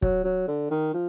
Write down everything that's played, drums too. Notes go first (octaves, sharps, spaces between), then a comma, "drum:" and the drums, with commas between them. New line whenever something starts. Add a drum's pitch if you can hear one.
F#3, drum: kick
F#3
D3
D#3
F3